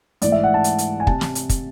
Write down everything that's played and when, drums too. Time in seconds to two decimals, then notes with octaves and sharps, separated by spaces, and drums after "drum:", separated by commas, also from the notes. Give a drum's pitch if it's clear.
0.22 G#2 E3 A3 D5, drum: hi-hat
0.32 E5
0.43 F#5
0.54 A5
0.64 drum: hi-hat
0.78 drum: hi-hat
1.00 G#5
1.07 C3 A5, drum: kick
1.21 drum: snare
1.35 drum: hi-hat
1.49 drum: kick, hi-hat